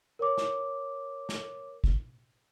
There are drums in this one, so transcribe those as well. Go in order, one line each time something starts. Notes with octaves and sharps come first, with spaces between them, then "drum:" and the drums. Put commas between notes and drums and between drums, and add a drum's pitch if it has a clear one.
A#4 C#5 D6
drum: snare
drum: snare
drum: kick